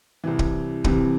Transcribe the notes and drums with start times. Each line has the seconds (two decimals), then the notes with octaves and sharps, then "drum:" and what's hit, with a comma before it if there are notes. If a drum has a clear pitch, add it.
0.24 C2 C3 E3
0.39 drum: kick
0.84 C2 C3 E3, drum: kick